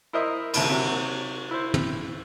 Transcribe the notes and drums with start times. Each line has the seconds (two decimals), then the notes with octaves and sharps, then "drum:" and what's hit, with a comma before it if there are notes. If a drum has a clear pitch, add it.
0.13 E4 A#4 C5 D#5 E5
0.53 A1 D#2 C3 A#4 B5, drum: cymbal
0.69 C3 F#3
1.51 E4 C5
1.74 drum: tom